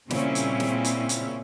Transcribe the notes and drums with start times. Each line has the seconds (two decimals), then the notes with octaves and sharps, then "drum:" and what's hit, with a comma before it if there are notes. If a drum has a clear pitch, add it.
0.11 A#2 C#3 G3 C4 C#4 E4, drum: snare
0.35 drum: hi-hat
0.60 drum: snare
0.85 drum: hi-hat
1.09 drum: hi-hat